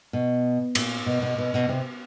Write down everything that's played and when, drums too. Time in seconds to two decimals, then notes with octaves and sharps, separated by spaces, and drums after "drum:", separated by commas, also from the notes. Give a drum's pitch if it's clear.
0.13 B2
0.75 A#2, drum: cymbal
1.06 B2
1.22 B2
1.38 B2
1.54 B2
1.69 C3